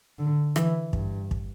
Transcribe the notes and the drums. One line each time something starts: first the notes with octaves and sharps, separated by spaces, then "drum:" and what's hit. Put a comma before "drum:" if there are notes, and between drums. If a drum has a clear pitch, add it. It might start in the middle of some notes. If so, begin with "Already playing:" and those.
D3
E3, drum: rim click
G2, drum: kick
drum: kick